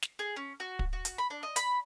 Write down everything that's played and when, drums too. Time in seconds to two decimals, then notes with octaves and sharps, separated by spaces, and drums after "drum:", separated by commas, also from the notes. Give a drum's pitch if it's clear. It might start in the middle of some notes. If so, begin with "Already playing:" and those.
0.02 drum: snare
0.19 G#4
0.37 C#4
0.60 F#4
0.79 drum: kick
0.93 F#4
1.05 drum: hi-hat
1.18 B5
1.30 D4
1.43 D#5
1.56 B5, drum: hi-hat